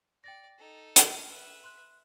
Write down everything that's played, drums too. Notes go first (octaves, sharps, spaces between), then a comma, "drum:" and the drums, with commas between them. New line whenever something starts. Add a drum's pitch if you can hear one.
D5 G5 A6 A#6
D#4 A4
F6, drum: hi-hat
B4 E5
C6 F#6